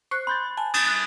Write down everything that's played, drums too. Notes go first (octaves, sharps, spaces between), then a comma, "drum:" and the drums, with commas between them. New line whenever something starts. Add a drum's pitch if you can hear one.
C5 C#6 F#6
B5 C6 G6 A6
G#5 A5
D#6 A6, drum: cymbal
F#6 G#6